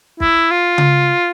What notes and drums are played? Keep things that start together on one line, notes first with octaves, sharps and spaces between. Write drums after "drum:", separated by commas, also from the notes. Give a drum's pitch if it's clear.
E4, drum: kick
F4
drum: tom C#3